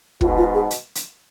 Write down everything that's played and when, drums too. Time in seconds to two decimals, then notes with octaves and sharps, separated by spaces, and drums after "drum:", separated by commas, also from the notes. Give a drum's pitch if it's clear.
0.21 G#2 B2 F4, drum: kick
0.37 F4
0.54 G#4
0.71 drum: hi-hat
0.95 drum: hi-hat